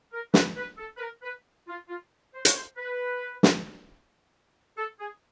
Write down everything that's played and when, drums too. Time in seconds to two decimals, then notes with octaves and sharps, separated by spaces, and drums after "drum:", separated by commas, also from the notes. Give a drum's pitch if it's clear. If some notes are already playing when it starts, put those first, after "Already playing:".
0.12 A#4
0.34 B4, drum: snare
0.56 B4
0.78 A4
0.96 B4
1.00 A#4
1.23 B4
1.67 F4
1.89 F4
2.34 C5
2.45 C#5, drum: hi-hat
2.56 C5
2.77 B4
3.43 drum: snare
4.77 A4
4.98 G#4